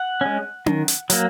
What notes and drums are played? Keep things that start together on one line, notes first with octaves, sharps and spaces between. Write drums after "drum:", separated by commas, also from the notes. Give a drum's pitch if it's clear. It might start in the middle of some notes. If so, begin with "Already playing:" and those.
Already playing: F#5
G#3 C#4
D#3, drum: tom C#4
drum: hi-hat
F#3 A#3, drum: hi-hat